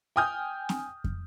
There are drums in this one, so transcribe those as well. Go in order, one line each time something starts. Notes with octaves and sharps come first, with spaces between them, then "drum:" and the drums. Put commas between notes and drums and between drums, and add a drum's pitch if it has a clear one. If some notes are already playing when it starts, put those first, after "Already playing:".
G5 G#5 D#6 F6 G6
drum: snare
drum: kick